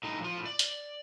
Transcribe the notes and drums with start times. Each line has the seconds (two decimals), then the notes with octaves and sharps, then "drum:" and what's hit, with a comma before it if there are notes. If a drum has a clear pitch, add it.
0.03 A2 D#4
0.20 F3 F4
0.35 A2
0.46 D5
0.59 drum: hi-hat